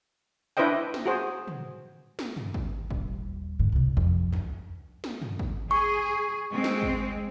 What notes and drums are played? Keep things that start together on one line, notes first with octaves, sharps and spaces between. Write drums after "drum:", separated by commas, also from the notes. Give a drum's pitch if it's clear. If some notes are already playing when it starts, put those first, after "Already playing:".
D4 E4 B4 C5 D#5 G5
drum: snare
F#4 G#4 C5
drum: tom
drum: snare
drum: tom
drum: kick
D#1 A#1, drum: kick
G#2 D3
C2 B2
F2, drum: kick
drum: tom
drum: snare
drum: tom
drum: kick
G#4 C#6
G#3 C4
drum: snare
drum: kick